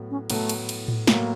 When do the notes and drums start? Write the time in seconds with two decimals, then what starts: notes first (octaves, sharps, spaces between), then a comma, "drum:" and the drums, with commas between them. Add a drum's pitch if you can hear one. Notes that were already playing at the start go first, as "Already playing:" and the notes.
Already playing: A2 F#3 B3
0.10 C#4
0.30 A2 F#3 A3 B3, drum: cymbal
0.49 drum: cymbal
0.69 drum: cymbal
0.88 drum: tom A2
1.07 A2 F#3 A#3 B3, drum: snare